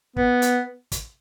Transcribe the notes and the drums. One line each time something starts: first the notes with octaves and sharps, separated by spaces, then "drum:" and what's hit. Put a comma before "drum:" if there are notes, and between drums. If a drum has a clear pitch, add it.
B3, drum: kick
drum: hi-hat
drum: kick, hi-hat